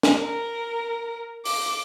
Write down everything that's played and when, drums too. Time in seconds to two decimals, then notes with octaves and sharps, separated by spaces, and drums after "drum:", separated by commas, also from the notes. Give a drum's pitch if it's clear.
0.03 drum: snare
0.19 A#4
1.45 D6, drum: open hi-hat